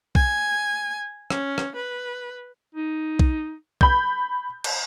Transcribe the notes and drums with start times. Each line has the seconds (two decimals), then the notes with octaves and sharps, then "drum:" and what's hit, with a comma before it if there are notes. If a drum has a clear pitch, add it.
0.15 G#5, drum: kick
1.30 C#4, drum: rim click
1.58 drum: rim click
1.75 B4
2.75 D#4
3.19 drum: kick
3.81 B5 G6, drum: kick
4.64 drum: cymbal